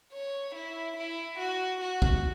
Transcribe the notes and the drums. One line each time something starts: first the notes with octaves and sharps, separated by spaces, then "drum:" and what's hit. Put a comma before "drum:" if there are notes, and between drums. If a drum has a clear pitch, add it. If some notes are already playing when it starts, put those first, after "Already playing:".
C#5
E4
E4
F#4
F#4
drum: kick